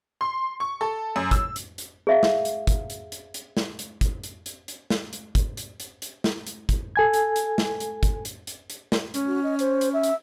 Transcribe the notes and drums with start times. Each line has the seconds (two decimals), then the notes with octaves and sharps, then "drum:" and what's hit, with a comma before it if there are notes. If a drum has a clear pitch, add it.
0.21 C6
0.60 C#6
0.81 A4
1.16 F#2
1.31 E6, drum: kick, hi-hat
1.56 drum: hi-hat
1.78 drum: hi-hat
2.07 G#4 E5 F5
2.23 drum: snare
2.45 drum: hi-hat
2.67 drum: kick, hi-hat
2.90 drum: hi-hat
3.12 drum: hi-hat
3.34 drum: hi-hat
3.57 drum: snare
3.79 drum: hi-hat
4.01 drum: kick, hi-hat
4.24 drum: hi-hat
4.46 drum: hi-hat
4.68 drum: hi-hat
4.90 drum: snare
5.13 drum: hi-hat
5.35 drum: kick, hi-hat
5.57 drum: hi-hat
5.80 drum: hi-hat
6.02 drum: hi-hat
6.24 drum: snare
6.47 drum: hi-hat
6.69 drum: kick, hi-hat
6.96 A4 G#5 G#6
7.13 drum: hi-hat
7.36 drum: hi-hat
7.58 drum: snare
7.80 drum: hi-hat
8.03 drum: kick, hi-hat
8.25 drum: hi-hat
8.47 drum: hi-hat
8.70 drum: hi-hat
8.92 drum: snare
9.14 C#4, drum: hi-hat
9.27 F#4
9.43 D#5
9.59 C5, drum: hi-hat
9.81 drum: hi-hat
9.93 E5
10.03 drum: hi-hat